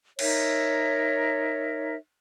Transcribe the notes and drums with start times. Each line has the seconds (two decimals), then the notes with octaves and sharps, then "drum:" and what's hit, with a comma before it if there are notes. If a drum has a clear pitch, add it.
0.19 D#4 A#4 C#5 E5, drum: cymbal